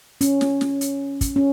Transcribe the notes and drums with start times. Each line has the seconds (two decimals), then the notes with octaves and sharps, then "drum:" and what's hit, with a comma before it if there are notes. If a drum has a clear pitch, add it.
0.21 C#4, drum: hi-hat
0.41 drum: snare
0.61 drum: snare
0.81 drum: hi-hat
1.21 drum: kick, hi-hat
1.36 C#4